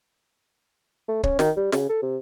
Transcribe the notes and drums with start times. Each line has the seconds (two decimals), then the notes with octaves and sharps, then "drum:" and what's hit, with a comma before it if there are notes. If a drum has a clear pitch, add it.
1.08 A3
1.23 C#4, drum: kick
1.39 D#3, drum: snare
1.56 G3
1.72 C#3, drum: snare
1.89 A4
2.02 C3